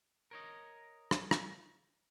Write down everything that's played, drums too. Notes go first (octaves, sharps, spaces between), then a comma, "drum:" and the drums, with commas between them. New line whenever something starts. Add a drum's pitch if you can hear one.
A#4 C#5 D#5
drum: rim click
drum: rim click